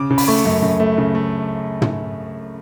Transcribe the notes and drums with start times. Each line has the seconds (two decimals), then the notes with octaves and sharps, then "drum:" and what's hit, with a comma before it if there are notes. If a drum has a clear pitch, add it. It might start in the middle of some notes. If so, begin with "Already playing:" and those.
Already playing: C#3 D6
0.10 C#3
0.18 B5, drum: open hi-hat
0.28 A3 C#6
0.46 F#2
0.62 F#2
0.80 A3
0.98 C#3
1.15 A3
1.82 drum: tom